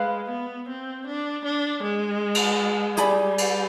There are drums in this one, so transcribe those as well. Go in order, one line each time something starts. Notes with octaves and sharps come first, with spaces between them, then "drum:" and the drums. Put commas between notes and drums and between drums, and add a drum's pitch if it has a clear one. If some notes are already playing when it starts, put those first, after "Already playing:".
Already playing: G#3 B4 F5 B5
B3
C4
D4
D4
G#3
drum: cymbal
G3 G#4 D5 G#5 B5, drum: hi-hat
drum: cymbal